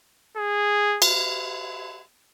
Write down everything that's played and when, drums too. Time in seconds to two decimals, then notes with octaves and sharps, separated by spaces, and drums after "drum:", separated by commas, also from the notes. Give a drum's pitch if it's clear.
0.37 G#4
1.02 drum: cymbal